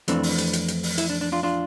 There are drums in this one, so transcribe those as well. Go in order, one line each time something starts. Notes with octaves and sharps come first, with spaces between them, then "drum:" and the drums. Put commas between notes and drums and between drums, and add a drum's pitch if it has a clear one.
F2 E3 A3 C4 D4, drum: hi-hat
drum: open hi-hat
drum: hi-hat
drum: hi-hat
drum: hi-hat
drum: open hi-hat
E4, drum: hi-hat
D4
D4
D4 F4
D4 F4